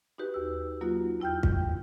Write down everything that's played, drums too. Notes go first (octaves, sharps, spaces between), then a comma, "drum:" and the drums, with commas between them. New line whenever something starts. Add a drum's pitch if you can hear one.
D#4 F#4 G4 B4
D#2 E6
F#3 A#3 D#4 F4 F#4
E2 E4 G5 F6 G6
drum: kick